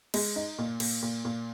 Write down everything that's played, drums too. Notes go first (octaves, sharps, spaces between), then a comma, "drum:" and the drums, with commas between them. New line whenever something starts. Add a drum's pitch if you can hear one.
G#3, drum: cymbal
D#4
A#2
A#2, drum: cymbal
A#2
A#2